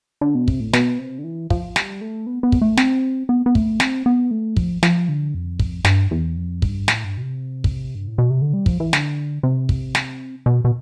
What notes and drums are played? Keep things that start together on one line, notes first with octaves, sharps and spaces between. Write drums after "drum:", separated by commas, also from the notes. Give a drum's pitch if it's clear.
D3
B2
C3, drum: kick
A2
B2, drum: snare
C3
D3
E3
F3, drum: kick
G3, drum: snare
A3
B3
B3
drum: kick
A3
C4, drum: snare
B3
B3
A3, drum: kick
C4, drum: snare
B3
A3
F3, drum: kick
F3, drum: snare
D3
F2
drum: kick
G2, drum: snare
E2
F2
G2, drum: kick
A2, drum: snare
G2
B2
C3
drum: kick
G2
A2
B2
C3
D3
G3
F3, drum: kick
E3
D3, drum: snare
C3
drum: kick
drum: snare
B2
B2